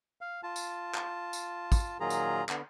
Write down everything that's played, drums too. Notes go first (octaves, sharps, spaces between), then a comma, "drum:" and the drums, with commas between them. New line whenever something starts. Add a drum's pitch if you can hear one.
F5
F4 A5
drum: tambourine
drum: clap
drum: tambourine
drum: kick, tambourine
A#2 D#3 F#3 F4 G#4 A#5
drum: tambourine
D3 B3, drum: clap